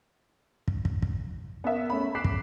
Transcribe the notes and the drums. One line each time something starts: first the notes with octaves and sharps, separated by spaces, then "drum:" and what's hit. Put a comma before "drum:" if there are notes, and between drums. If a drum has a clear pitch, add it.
drum: kick
drum: kick
drum: kick
B3 A#4 E5
A3 C#4 B5
D6 F#6 B6 C7 E7
drum: kick